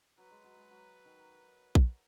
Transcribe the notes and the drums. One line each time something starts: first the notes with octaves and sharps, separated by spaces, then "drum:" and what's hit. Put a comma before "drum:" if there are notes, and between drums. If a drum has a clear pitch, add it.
F#3 B4
G#3
F#3
G#3
F#3
D#3
drum: kick A#1